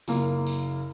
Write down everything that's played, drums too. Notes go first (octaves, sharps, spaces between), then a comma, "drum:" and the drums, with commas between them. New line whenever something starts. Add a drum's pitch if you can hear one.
F#1 A#3, drum: tambourine
drum: tambourine